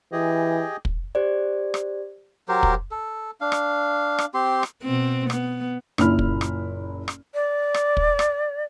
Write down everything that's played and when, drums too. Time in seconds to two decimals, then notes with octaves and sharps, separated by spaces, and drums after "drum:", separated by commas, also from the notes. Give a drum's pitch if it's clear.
0.12 E3 G4 G#4 D#5
0.85 drum: kick
1.15 G4 C5 D5
1.74 drum: rim click
2.49 F#3 G4 A#4 C5
2.63 drum: kick
2.91 A4
3.41 D4 F5
3.52 drum: rim click
4.18 drum: rim click
4.34 C4 G4 C6
4.63 drum: rim click
4.83 B2 C4
5.30 B3, drum: rim click
5.98 F#1 A#2 E4 B5 F6, drum: rim click
6.19 drum: kick
6.41 drum: rim click
7.08 drum: rim click
7.34 D5
7.74 drum: rim click
7.97 drum: kick
8.19 drum: rim click